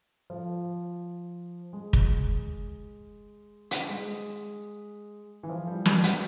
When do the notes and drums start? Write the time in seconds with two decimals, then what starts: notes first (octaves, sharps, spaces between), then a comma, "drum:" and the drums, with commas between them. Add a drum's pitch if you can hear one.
0.30 F3
1.73 G#3
1.93 drum: kick
3.71 drum: hi-hat
3.89 G#3
5.43 E3
5.50 F3
5.67 G3
5.85 G3, drum: snare
6.03 F#3, drum: hi-hat